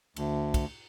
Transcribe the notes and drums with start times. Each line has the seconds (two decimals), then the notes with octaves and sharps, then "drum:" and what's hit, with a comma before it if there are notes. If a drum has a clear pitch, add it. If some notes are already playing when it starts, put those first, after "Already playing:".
0.16 D2, drum: cymbal
0.54 drum: kick, cymbal